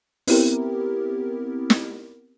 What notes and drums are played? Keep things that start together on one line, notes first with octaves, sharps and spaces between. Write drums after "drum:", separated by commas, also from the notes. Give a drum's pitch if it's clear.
B3 C4 E4 G4 A#4, drum: open hi-hat
drum: snare